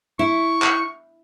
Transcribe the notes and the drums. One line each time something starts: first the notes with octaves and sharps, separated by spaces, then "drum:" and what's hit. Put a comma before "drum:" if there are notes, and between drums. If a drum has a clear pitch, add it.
E4 C#6
drum: clap